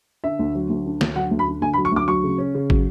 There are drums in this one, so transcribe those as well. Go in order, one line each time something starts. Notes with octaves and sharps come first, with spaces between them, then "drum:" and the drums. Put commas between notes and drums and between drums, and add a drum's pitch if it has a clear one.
D3 E5
D2
F#3
D2
D3
D2, drum: snare D#3
F#3 F#5
D2
B5
D3
D2 G#5
B5
F#3
C#6
D2 D6
F#3 C#6
C#3
C#4
C#3
F#3, drum: kick